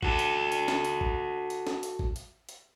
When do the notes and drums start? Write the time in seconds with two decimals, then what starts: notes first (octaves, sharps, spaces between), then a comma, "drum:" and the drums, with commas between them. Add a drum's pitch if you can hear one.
0.03 F#4 A4, drum: kick A1
0.19 drum: hi-hat
0.52 drum: hi-hat
0.68 drum: snare
0.85 drum: hi-hat
1.01 drum: kick A1
1.50 drum: hi-hat
1.67 drum: snare
1.83 drum: hi-hat
1.99 drum: kick A1
2.16 drum: hi-hat
2.49 drum: hi-hat